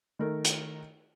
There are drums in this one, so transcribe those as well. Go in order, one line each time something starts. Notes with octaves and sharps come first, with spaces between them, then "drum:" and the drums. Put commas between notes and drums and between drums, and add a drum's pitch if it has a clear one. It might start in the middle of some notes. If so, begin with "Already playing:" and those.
D#3 A3 A#4
drum: hi-hat